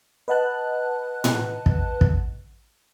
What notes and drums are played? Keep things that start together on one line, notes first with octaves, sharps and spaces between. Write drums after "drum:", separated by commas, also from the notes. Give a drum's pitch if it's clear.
B4 D#5 F#5 A5 F#6
drum: tom A2
drum: kick
drum: kick